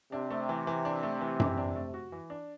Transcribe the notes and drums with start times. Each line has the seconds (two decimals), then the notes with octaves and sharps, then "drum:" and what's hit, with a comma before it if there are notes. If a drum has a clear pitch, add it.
0.12 C3 D4
0.30 A3
0.49 E3
0.67 E3
0.85 D4
1.03 A3
1.21 E3
1.40 E3, drum: tom F#2
1.57 D4
1.76 A3
1.94 F#4
2.12 E3
2.30 D4